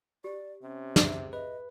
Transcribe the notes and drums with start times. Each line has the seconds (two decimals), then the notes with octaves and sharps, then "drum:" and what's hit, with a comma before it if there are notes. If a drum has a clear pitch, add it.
0.24 G4 D5
0.63 C3 C#4
0.96 G#4 E5, drum: snare
1.33 B4 D#5